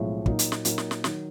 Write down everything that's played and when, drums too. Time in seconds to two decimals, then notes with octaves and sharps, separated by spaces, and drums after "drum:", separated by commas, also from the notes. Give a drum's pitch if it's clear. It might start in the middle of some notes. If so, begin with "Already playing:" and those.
Already playing: B1 A2 F3 G#3
0.26 A#2 F#3 A#3 D#4, drum: kick
0.39 drum: hi-hat
0.52 drum: snare
0.65 A#2 F#3 A#3 D#4, drum: hi-hat
0.78 drum: snare
0.91 drum: snare
1.04 D#3 F#3, drum: snare